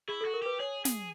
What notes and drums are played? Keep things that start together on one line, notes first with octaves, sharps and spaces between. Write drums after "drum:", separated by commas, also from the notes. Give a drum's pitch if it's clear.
E4 G#4
A4
F#4
A#4
G4 B4
G#4 C#5
G#4, drum: snare